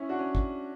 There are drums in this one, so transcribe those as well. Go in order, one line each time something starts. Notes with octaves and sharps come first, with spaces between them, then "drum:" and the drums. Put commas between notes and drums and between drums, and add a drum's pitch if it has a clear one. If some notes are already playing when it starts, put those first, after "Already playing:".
Already playing: C#4 E4
D4 F#4
C#4
drum: kick